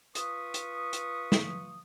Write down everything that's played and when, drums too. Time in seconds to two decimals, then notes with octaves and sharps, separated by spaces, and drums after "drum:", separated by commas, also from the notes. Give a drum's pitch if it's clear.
0.15 F4 B4 C#6 D#6, drum: hi-hat
0.54 drum: hi-hat
0.93 drum: hi-hat
1.32 drum: snare